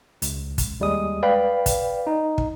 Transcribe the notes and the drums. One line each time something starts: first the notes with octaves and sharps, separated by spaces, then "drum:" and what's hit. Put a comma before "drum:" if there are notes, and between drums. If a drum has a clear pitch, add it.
C#2, drum: hi-hat
drum: kick, hi-hat
D#2 G3 G#3 D#6
B4 D5 F5 G5 B5
drum: kick, hi-hat
D#4
drum: kick